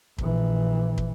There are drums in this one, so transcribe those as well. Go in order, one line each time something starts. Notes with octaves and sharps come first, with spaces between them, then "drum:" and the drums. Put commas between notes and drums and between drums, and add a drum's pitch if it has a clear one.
A#1 E3, drum: kick
drum: kick